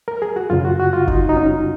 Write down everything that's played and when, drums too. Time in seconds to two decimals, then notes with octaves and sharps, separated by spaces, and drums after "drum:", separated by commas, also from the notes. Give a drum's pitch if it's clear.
0.08 A#4
0.22 G#4
0.36 F#4
0.50 F#2 C#3 F4
0.65 F#4
0.80 F#4
0.93 F4
1.08 D#4, drum: kick
1.29 D#4
1.37 C#4